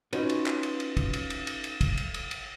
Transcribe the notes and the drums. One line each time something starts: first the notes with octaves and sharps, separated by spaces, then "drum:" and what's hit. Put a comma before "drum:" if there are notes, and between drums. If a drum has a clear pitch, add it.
C#4 D#4 F4 F#4 B4 C#5, drum: cymbal
drum: cymbal
drum: clap
drum: cymbal
drum: cymbal
drum: kick, cymbal
drum: cymbal
drum: cymbal
drum: cymbal
drum: cymbal
drum: kick, cymbal
drum: cymbal
drum: cymbal
drum: cymbal